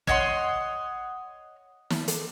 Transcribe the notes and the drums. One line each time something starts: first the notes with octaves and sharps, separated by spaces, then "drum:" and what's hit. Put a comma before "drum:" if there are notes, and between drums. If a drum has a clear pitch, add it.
C#5 D#5 F#5 C6, drum: kick
drum: snare
drum: hi-hat